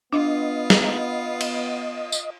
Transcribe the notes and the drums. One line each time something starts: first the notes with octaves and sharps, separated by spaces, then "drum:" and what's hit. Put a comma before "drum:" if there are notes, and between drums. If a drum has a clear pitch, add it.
B3 D4 F4 D#5 C7
drum: snare
drum: cymbal
drum: tambourine